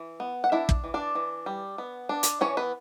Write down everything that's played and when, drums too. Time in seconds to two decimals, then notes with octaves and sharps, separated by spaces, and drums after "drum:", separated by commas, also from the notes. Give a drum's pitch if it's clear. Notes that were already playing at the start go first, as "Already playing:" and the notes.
Already playing: E3
0.20 B3
0.44 F#5
0.52 D4 E4 E5
0.69 drum: kick
0.84 E3
0.94 D4 D5
1.15 E3
1.46 G3
1.78 B3
2.09 D4
2.23 drum: hi-hat
2.41 E3 C#4 C#5
2.57 B3 B4